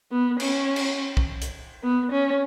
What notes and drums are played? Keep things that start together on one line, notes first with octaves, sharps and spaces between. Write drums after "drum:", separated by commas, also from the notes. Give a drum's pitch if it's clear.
B3
C#4, drum: cymbal
drum: cymbal
drum: kick B1
drum: hi-hat
B3
C#4